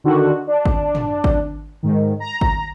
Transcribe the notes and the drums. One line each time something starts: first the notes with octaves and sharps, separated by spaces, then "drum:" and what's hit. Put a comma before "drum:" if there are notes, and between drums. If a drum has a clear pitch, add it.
D3 D#3 F#4
D4
drum: kick G#1
drum: tom
drum: kick G#1
G#2 D#3
A#5
drum: kick G#1